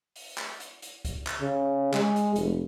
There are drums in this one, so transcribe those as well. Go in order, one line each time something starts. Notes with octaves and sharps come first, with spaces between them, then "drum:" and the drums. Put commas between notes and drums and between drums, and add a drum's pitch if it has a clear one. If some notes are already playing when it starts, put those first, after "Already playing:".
drum: open hi-hat
drum: clap
drum: hi-hat
drum: hi-hat
drum: kick, hi-hat
drum: clap
C#3
G#3, drum: clap
drum: hi-hat
F1, drum: hi-hat